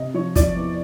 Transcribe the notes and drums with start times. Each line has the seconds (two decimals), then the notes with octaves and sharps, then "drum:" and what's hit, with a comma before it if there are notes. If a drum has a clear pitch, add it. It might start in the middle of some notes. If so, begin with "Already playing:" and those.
Already playing: C3 D#5
0.14 F3 C#5
0.36 F3 D5, drum: kick, hi-hat
0.56 E2